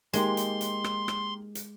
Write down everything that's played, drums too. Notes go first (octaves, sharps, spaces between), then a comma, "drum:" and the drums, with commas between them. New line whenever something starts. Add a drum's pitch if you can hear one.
G#3 A#3 D#4 G4 C6, drum: hi-hat
drum: hi-hat
drum: hi-hat
drum: rim click
drum: rim click
drum: hi-hat